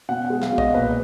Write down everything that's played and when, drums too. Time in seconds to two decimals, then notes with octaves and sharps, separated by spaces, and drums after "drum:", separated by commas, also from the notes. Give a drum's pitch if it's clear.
0.09 B2 F#5
0.25 F#5
0.30 G#3
0.42 F5, drum: snare
0.52 B2
0.58 D#5, drum: kick
0.74 A#2 B4